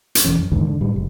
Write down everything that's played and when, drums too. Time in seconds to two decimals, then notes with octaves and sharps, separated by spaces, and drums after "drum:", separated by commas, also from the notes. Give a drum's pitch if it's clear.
0.15 drum: hi-hat
0.25 E1 E3 C#4
0.39 F2
0.52 E2 G#2 D3 D#3
0.67 D3
0.81 A2 G3
0.96 F1